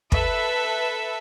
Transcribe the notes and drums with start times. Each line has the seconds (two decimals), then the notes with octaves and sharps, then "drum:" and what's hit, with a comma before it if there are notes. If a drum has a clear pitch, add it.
0.12 A4 B4 E5, drum: kick